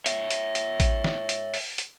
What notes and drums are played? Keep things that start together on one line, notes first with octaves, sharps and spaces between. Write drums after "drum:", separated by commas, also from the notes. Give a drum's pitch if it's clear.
C#5 E5, drum: hi-hat
drum: hi-hat
drum: hi-hat
drum: kick A1, hi-hat
drum: snare
drum: hi-hat
drum: open hi-hat
drum: hi-hat